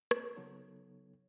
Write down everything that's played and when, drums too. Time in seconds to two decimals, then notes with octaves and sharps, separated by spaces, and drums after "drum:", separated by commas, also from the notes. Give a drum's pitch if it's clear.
0.11 A#3 C4, drum: rim click
0.37 C#3 F#3 B3 D#4 A4 C#5